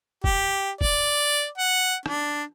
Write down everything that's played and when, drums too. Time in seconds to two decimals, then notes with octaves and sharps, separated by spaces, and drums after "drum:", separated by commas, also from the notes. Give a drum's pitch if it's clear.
0.24 G4, drum: kick
0.81 D5, drum: kick
1.58 F#5
2.06 D4, drum: rim click